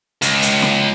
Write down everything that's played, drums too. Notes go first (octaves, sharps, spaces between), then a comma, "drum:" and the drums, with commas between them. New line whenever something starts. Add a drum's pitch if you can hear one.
C#2, drum: hi-hat
drum: hi-hat
drum: snare